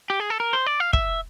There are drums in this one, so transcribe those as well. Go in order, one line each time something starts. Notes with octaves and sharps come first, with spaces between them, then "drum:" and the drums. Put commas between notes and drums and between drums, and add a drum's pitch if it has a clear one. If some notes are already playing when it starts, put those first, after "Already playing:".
G4
G#4
A4
A#4
C5
D5
F5
E5, drum: kick